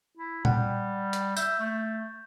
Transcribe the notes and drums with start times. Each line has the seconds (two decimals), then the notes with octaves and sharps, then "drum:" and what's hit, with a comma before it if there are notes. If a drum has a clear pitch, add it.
0.17 E4
0.45 G3 F#5 G5, drum: tom A#2
1.13 drum: hi-hat
1.37 E5 G6, drum: tambourine
1.60 A3